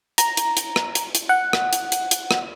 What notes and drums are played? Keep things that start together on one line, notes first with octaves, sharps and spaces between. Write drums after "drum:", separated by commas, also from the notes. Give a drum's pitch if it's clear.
A#5, drum: hi-hat
drum: hi-hat
drum: hi-hat
drum: rim click
drum: hi-hat
drum: hi-hat
F#5
drum: rim click
drum: hi-hat
drum: hi-hat
drum: hi-hat
drum: rim click